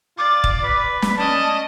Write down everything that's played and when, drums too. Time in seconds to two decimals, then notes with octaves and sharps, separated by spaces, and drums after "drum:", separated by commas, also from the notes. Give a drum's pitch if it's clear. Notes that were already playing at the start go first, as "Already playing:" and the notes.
0.18 F4 D5 D6
0.44 drum: kick
0.63 B4
1.02 drum: snare
1.17 C#4 D5 D#5 A5